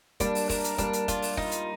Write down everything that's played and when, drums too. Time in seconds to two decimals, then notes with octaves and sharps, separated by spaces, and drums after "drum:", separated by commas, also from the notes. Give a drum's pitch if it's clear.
0.20 G3 A#3 D4, drum: kick, hi-hat
0.35 drum: open hi-hat
0.49 A#4, drum: kick, open hi-hat
0.64 drum: hi-hat
0.78 G3 A#3 D4, drum: kick, hi-hat
0.93 drum: hi-hat
1.08 F4, drum: kick, hi-hat
1.22 drum: open hi-hat
1.37 D#4, drum: kick
1.52 drum: hi-hat